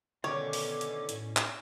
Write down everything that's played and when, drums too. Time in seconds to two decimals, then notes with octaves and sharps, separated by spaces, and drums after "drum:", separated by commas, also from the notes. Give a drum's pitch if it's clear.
0.24 B2 D3 D#3 C#4 C#5 D6
0.53 drum: open hi-hat
0.81 drum: hi-hat
1.09 A2, drum: hi-hat
1.37 drum: clap